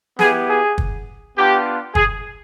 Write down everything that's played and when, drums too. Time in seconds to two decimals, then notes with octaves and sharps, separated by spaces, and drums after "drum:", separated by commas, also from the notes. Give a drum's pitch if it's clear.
0.19 B3 E4 G4 G#4, drum: snare
0.49 G#4
0.78 drum: kick
1.37 B3 D4 F4 G4
1.95 G#4, drum: kick